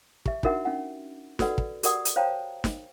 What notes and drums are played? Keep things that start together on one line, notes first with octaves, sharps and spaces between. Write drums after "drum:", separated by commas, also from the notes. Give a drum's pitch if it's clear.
G4 E5, drum: kick
D4 D#4 F#4 A#4 E5 F#5, drum: kick
C#4 D#4 F#5
F#4 A4 B4 D5 F#5, drum: snare
drum: kick
F#4 G4 A#4 D5 F#5 D#6, drum: hi-hat
drum: hi-hat
C5 C#5 F5 G5 A5 A#5
drum: snare